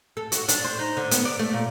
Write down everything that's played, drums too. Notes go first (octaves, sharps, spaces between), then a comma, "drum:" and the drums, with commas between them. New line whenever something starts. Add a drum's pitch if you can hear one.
A4
F#4, drum: hi-hat
D4, drum: hi-hat
C5
D#4
D3
B3, drum: hi-hat
D5
A3
A#2